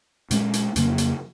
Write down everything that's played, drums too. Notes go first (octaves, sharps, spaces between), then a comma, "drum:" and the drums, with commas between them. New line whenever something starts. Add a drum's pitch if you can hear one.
A#2 G#3 C#4, drum: hi-hat
drum: hi-hat
F2 C#3 F#3 A#3, drum: hi-hat
drum: hi-hat